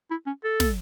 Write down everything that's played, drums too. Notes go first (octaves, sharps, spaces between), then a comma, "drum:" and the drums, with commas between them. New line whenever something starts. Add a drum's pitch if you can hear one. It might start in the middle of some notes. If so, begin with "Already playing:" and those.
E4
C#4
A4
drum: snare